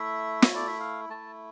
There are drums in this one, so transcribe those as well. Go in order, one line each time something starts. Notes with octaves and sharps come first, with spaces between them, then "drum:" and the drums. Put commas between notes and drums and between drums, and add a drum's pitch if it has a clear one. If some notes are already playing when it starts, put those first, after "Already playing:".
Already playing: A3 E4 E5
C#5, drum: snare
A3 E4 D5
E5
F5
A3 E4 A5